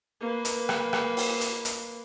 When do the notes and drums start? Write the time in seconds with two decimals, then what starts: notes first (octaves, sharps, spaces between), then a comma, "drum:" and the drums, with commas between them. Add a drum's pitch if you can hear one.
0.21 A#3 B4
0.45 drum: hi-hat
0.69 drum: rim click
0.93 drum: rim click
1.17 drum: open hi-hat
1.41 drum: hi-hat
1.65 drum: hi-hat